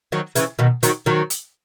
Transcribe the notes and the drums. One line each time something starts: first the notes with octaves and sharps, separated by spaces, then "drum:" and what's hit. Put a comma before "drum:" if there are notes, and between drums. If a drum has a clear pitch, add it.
D#3 F#3
C#3 E3, drum: hi-hat
B2 D#3
D#3 F#3, drum: hi-hat
D#3 F#3
drum: hi-hat